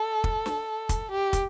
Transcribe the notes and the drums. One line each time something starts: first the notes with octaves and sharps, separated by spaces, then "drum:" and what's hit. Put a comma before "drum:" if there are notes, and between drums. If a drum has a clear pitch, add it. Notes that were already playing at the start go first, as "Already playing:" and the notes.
Already playing: A4
drum: kick
drum: snare
drum: kick, hi-hat
G4
drum: kick, hi-hat